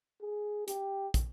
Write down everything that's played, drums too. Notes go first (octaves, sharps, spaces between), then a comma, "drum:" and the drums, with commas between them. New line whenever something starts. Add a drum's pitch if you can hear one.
G#4
G4, drum: hi-hat
drum: kick, hi-hat